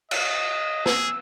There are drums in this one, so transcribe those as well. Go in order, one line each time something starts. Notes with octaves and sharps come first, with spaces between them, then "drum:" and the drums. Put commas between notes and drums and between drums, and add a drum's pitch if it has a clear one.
D#5, drum: cymbal
G#4 E6, drum: snare